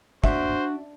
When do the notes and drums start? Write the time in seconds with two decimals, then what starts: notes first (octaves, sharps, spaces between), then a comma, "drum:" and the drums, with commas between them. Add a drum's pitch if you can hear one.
0.24 D4 F#4 C5 E5, drum: kick